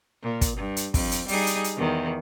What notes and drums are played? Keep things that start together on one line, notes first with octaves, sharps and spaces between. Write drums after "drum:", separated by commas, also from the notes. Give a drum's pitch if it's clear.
A#2
drum: kick, hi-hat
G2
drum: hi-hat
F2, drum: kick, open hi-hat
drum: hi-hat
G3 D#4 G#4, drum: open hi-hat
drum: hi-hat
drum: hi-hat
E2 D#3